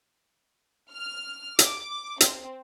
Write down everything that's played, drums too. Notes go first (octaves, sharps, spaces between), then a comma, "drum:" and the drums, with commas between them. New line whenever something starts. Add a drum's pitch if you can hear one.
F6
D6, drum: hi-hat
C4, drum: hi-hat